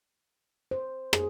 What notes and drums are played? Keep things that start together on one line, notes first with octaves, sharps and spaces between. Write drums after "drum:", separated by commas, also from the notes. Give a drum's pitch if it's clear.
C5
G#4, drum: rim click